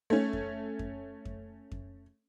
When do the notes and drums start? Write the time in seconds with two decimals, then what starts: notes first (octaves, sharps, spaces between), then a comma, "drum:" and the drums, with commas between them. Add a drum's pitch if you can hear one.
0.10 A3 C#4
0.33 drum: kick F2
0.79 drum: kick F2
1.25 drum: kick F2
1.72 drum: kick F2